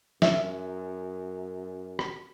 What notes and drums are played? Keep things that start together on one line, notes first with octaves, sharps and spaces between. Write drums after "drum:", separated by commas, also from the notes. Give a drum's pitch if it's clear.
F#2 E5, drum: snare
drum: rim click